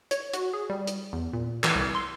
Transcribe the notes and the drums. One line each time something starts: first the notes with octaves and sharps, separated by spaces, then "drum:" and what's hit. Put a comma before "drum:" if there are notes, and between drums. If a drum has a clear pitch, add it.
C#5, drum: hi-hat
F#4, drum: hi-hat
G#4
G3
drum: hi-hat
E2
A#2
E3, drum: clap
C2
C6